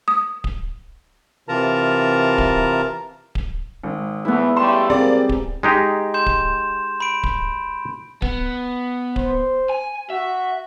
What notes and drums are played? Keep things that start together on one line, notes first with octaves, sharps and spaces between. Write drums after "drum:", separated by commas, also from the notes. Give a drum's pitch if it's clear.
D#6
drum: kick D1
C3 E3 F4 A#4 A5 A#5
drum: kick D1
drum: kick D1
G#1
E2 A3 B3 E4
C#3 G3 A3 C6 E7
A#3 C4 G4 G#4 D5
drum: kick D1
G#3 D#4 G4
C6 G6 E7
drum: kick D1
B5 D7
drum: kick D1
B3, drum: kick D1
C5, drum: kick D1
G#5
F#4 E5